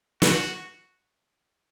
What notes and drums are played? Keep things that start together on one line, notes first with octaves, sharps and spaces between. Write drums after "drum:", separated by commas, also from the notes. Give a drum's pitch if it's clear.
F#4, drum: snare